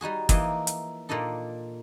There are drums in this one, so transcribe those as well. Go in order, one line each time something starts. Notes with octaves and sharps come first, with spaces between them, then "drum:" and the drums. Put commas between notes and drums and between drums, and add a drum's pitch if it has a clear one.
G3 D#4 F#4 G#4
E3 F3 A#3 D#4, drum: kick, hi-hat
drum: hi-hat
A#2 A#3 D4 D#4 A4